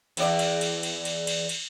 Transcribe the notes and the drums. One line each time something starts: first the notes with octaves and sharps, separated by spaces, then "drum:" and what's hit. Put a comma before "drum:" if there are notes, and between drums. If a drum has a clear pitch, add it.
E2 D5, drum: cymbal
drum: cymbal
drum: cymbal
drum: cymbal
drum: cymbal
drum: cymbal
drum: cymbal